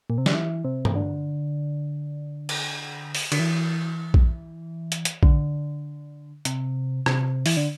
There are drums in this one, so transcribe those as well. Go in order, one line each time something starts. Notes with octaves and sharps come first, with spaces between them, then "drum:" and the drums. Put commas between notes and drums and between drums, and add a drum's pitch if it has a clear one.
A#2
C3
D3, drum: snare
E3
C3
drum: tom G2
D3
drum: cymbal
drum: open hi-hat
D3, drum: cymbal
E3
drum: kick A#1
drum: hi-hat
drum: hi-hat
D3, drum: kick A#1
C3, drum: hi-hat
C3, drum: rim click
E3, drum: open hi-hat
D3